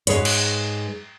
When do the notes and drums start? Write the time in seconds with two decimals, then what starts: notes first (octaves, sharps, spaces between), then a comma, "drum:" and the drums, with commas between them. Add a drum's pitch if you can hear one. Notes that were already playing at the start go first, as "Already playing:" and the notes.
0.07 G#2 E3 G#4 B4 C#5, drum: hi-hat
0.25 drum: cymbal